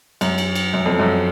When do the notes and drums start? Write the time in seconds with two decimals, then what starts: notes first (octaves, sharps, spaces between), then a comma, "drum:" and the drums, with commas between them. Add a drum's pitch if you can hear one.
0.21 F#2, drum: cymbal
0.38 drum: cymbal
0.55 drum: cymbal
0.74 F#2
0.86 F2
0.99 F#2